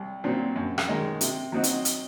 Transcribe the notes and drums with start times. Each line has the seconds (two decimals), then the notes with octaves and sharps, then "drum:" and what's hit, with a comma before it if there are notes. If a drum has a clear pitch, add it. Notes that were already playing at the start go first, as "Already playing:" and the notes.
Already playing: C2
0.24 A#2 F#3 C4
0.56 F#2
0.78 drum: rim click
0.88 D#3 G#3
1.21 C3, drum: hi-hat
1.52 F#3 C4 D#4 F#4
1.64 drum: hi-hat
1.85 drum: hi-hat